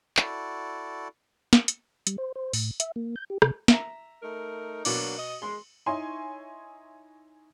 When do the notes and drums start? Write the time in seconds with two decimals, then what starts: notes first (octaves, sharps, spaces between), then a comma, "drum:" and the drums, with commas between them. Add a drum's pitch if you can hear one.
0.17 E4 F#4 A4 D5, drum: clap
1.53 drum: snare
1.68 drum: hi-hat
2.07 G3, drum: hi-hat
2.18 C5
2.36 C5
2.53 A2, drum: open hi-hat
2.80 E5, drum: hi-hat
2.96 A#3
3.16 G6
3.30 G4
3.42 C3, drum: rim click
3.68 E5 A#5, drum: snare
4.23 A3 D#4 A#4
4.85 B2 F#3 A#3 D4 D6, drum: cymbal
5.17 D#5
5.42 G#3 C6
5.86 D#4 E4 C#5 G#5 C6